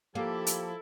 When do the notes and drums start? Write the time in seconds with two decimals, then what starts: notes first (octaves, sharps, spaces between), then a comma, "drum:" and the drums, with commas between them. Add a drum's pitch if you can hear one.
0.15 F3 A#3 E4 G4 A4
0.47 drum: hi-hat